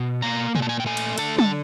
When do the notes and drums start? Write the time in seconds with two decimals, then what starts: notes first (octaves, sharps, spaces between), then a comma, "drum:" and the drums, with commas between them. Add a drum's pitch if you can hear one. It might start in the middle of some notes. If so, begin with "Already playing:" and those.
Already playing: B2
0.22 A#3 A#5
0.55 A#2 G#5, drum: tom
0.62 A5
0.69 G#5
0.80 G5
0.86 A3 G#5
0.97 drum: cymbal
1.18 D3 A5, drum: cymbal
1.38 A5, drum: tom